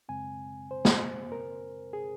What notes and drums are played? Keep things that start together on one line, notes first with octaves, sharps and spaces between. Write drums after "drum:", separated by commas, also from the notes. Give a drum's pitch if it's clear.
F#2 C#3 G#3 C4 G#5
C5
drum: snare
A#4
G#4